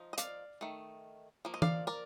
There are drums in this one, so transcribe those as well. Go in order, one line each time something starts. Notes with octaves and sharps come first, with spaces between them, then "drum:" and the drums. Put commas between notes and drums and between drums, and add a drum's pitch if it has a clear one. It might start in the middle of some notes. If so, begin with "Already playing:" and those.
Already playing: F3 D#4
D#5
D5 F5, drum: hi-hat
D#3 A3
F3 A#3
D#5
D5 F5, drum: tom E3
A#4 D5